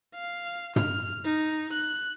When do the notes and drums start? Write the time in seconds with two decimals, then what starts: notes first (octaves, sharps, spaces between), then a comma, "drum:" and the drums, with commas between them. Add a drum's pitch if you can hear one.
0.14 F5
0.76 F6, drum: tom
1.25 D#4
1.73 F#6